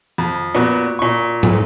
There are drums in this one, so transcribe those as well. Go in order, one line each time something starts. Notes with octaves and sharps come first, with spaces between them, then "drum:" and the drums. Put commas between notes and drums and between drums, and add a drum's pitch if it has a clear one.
F2
A#2 B3 F#4
A#2 C#6
drum: tom